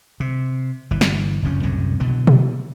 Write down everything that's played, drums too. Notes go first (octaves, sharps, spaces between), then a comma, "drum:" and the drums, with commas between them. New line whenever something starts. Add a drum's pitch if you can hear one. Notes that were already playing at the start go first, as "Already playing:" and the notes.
C3
G1 E3
drum: snare
F#1 D2 F3 C#4
C2 F#2 A2 D3
B2 D3 E3 F#3
drum: tom B2